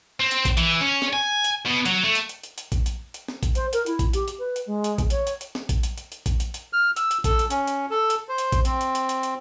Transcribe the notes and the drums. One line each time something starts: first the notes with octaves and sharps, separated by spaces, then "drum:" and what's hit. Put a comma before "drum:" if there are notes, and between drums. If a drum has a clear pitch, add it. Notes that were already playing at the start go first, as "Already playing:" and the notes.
C4
drum: hi-hat
drum: kick A#1, hi-hat
E3, drum: hi-hat
C#4
drum: snare C4
G#5
drum: hi-hat
B2
F#3, drum: hi-hat
A3
drum: hi-hat
drum: hi-hat
drum: hi-hat
drum: hi-hat
drum: kick A#1, hi-hat
drum: hi-hat
drum: hi-hat
drum: snare C4
drum: kick A#1, hi-hat
C5, drum: hi-hat
A#4, drum: hi-hat
E4, drum: hi-hat
drum: kick A#1, hi-hat
G4, drum: hi-hat
drum: hi-hat
B4
drum: hi-hat
G#3
drum: hi-hat
drum: kick A#1, hi-hat
C#5, drum: hi-hat
drum: hi-hat
drum: hi-hat
drum: snare C4
drum: kick A#1, hi-hat
drum: hi-hat
drum: hi-hat
drum: hi-hat
drum: kick A#1, hi-hat
drum: hi-hat
drum: hi-hat
F6
E6, drum: hi-hat
drum: hi-hat
A4, drum: kick A#1, hi-hat
drum: hi-hat
C#4, drum: hi-hat
drum: hi-hat
A4
drum: hi-hat
C5
drum: hi-hat
drum: kick A#1, hi-hat
C4, drum: hi-hat
drum: hi-hat
drum: hi-hat
drum: hi-hat
drum: hi-hat